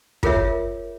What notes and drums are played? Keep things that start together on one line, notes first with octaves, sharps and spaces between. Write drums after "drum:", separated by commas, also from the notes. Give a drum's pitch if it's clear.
F4 G#4 A#4 C#5 E5, drum: kick